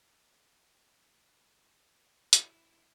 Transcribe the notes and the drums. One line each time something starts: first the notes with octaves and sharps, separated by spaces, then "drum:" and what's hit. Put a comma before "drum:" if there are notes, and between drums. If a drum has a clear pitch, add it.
E4, drum: hi-hat